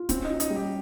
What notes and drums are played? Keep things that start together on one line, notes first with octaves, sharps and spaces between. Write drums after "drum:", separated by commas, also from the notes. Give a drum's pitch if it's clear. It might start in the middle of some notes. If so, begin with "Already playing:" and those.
Already playing: F4
C4 C#4, drum: kick, hi-hat
D#4
F4
D#4, drum: hi-hat
G3
G4